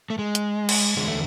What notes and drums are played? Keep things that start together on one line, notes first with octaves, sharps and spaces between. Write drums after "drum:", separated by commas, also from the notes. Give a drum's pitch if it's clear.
A3
G#3
drum: hi-hat
drum: cymbal
E2 D3 G#3
A3